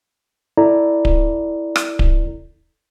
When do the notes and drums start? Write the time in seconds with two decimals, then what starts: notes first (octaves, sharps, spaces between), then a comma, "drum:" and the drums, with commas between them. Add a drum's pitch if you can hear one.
0.58 E4 A4 D5 A#5
1.05 drum: kick D1
1.76 drum: rim click
1.99 drum: kick D1